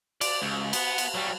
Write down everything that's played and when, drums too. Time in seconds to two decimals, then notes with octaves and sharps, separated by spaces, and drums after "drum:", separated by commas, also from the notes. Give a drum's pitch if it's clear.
0.21 D5, drum: cymbal
0.42 C#2
0.73 B3, drum: cymbal
0.98 drum: cymbal
1.15 F#3 G3